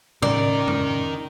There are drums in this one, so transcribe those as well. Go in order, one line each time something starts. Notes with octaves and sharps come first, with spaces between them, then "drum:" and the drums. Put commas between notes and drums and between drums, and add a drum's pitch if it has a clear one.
C#3 D#4 A#4 D5, drum: tom
drum: tom F2